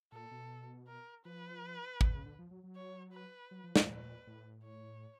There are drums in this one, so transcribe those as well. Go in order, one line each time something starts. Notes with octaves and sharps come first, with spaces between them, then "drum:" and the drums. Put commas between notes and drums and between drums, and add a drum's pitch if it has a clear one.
A#2 A4
B2
A#4
F3 B4
D3, drum: kick
C#3
D3
F3
F#3
F#3
C#5
B4
F#3
F3
E3, drum: snare
A#2 B4
A2
C#5